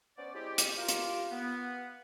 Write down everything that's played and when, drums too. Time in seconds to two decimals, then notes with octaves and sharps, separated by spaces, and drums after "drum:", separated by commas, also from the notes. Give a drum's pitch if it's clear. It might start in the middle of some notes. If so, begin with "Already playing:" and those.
0.17 B3 C#4 C5 D5
0.34 G#3 C4 E4 G4
0.58 drum: hi-hat
0.78 F4 G4 A#4
0.88 drum: hi-hat
1.31 B3